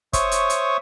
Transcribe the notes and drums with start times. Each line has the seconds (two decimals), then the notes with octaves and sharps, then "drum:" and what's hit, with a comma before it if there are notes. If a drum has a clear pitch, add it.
0.13 C5 C#5 E5 C#6 D#6, drum: kick, hi-hat
0.31 drum: hi-hat
0.50 drum: hi-hat